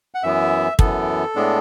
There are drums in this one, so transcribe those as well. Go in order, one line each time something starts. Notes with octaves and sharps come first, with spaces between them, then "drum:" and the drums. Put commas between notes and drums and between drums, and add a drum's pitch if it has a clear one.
F#5
F#2 E3 B3 E5
F#2 E3 B3 A4, drum: kick
A2 G#3 B3 D4